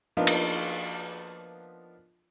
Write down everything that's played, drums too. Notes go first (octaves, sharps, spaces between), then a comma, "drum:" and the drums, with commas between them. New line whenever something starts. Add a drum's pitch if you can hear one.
F3 A#3 B3 D4 D#4 F4
drum: cymbal